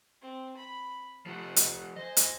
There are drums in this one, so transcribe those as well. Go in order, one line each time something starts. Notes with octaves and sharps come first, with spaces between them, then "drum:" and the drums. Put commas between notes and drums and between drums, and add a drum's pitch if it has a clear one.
C4
B5
F3 A3 F4 G4 F#5
drum: hi-hat
C5 D#5 G#5
drum: hi-hat